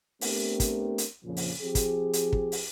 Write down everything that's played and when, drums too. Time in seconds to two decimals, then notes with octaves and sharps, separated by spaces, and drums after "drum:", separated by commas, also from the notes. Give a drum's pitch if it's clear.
0.21 A3 B3 C4 D4 G4 A#4, drum: open hi-hat
0.60 drum: kick, hi-hat
0.98 drum: hi-hat
1.24 F2 A#2 C#3 F3
1.37 drum: open hi-hat
1.60 F3 C4 G4 G#4
1.75 drum: kick, hi-hat
2.13 drum: hi-hat
2.33 drum: kick
2.52 drum: open hi-hat